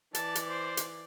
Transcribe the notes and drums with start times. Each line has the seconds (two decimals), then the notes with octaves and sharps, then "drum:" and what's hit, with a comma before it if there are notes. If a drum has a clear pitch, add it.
0.15 E3 D5 A5, drum: hi-hat
0.35 drum: hi-hat
0.49 C5
0.77 drum: hi-hat